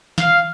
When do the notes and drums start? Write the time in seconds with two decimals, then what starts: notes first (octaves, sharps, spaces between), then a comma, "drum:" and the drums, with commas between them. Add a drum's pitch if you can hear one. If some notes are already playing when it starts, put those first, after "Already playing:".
0.18 F5, drum: snare